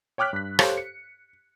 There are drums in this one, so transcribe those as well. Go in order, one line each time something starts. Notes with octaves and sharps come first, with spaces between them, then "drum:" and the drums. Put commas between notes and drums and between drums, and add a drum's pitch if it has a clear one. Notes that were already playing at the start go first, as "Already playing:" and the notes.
C#5 G5 D6 F6 F#6 B6
G2 B6
G4 A4 C5 C#5 F5, drum: rim click
C#7